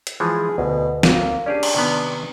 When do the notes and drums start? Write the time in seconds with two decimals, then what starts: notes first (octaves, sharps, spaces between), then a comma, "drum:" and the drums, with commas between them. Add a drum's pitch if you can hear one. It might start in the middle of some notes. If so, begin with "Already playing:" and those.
0.07 drum: hi-hat
0.20 E3 F3 G#3 G#4
0.58 D2 B2
1.03 A#3, drum: snare
1.46 C#4 D4 G4 G#4
1.63 drum: cymbal
1.75 C3 D#3 B3